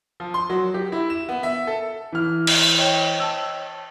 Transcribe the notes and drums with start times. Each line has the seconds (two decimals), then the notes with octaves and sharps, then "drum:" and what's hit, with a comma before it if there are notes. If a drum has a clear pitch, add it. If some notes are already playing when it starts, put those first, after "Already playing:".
0.20 F3
0.34 C6
0.50 F#3
0.74 G4
0.92 E4
1.10 E7
1.29 B3
1.43 E5
1.67 A4
2.12 E3 F6
2.47 drum: cymbal
2.77 C#5 D#5 G5
3.19 A5 E6